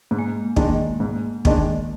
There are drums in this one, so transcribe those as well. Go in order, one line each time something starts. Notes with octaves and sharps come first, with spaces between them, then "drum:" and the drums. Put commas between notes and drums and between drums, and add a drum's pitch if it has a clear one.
G#2 A#3
G#3
A#3
D#3 G#3 D4, drum: kick
G#2
D#3 G#3 D4, drum: kick